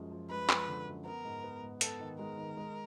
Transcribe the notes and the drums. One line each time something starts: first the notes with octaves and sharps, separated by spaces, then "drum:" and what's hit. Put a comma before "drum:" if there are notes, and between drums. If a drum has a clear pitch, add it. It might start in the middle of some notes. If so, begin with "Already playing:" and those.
Already playing: F#2 F3 G#3
F3
G#3 B4
F3, drum: clap
D3
F#2
B3 A#4
G#2
B3
G#2
B3 A4, drum: hi-hat
D#3
G#3 A#4
D#3
G#3